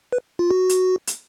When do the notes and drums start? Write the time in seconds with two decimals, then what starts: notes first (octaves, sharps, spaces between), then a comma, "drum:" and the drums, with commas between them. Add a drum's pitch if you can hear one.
0.12 B4
0.39 F4
0.51 F#4
0.69 drum: hi-hat
1.07 drum: hi-hat